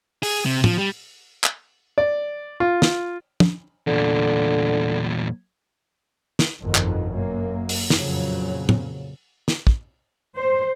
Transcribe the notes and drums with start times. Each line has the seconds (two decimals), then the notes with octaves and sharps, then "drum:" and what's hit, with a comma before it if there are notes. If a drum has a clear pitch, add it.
0.23 G#4, drum: open hi-hat
0.46 C3
0.64 F3, drum: tom
0.78 G3
1.44 drum: clap
1.98 D5
2.60 F4
2.82 drum: snare
3.40 drum: tom
3.87 E2 A#2 D3
6.39 drum: snare
6.61 G1 F2 B2 D#3
6.75 drum: clap
7.12 F#2 A#3
7.69 drum: open hi-hat
7.90 F2 A#2 C#3 F#3, drum: snare
8.69 drum: tom
9.48 drum: snare
9.67 drum: kick
10.36 C5